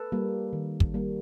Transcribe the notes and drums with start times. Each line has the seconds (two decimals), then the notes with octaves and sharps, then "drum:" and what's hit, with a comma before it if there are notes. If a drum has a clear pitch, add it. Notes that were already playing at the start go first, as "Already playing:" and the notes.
Already playing: A4 B4
0.12 G3 A#3
0.53 D#3
0.80 drum: kick
0.94 G3 A#3